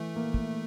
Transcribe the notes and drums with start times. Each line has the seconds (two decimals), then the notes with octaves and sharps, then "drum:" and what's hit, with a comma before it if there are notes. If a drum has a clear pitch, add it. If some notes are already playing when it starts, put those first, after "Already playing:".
Already playing: E3 A3
0.16 A#3
0.34 drum: kick